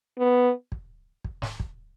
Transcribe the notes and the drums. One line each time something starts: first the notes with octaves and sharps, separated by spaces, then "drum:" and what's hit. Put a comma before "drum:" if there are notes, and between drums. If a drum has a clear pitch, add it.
B3
drum: kick
drum: kick
drum: snare
drum: kick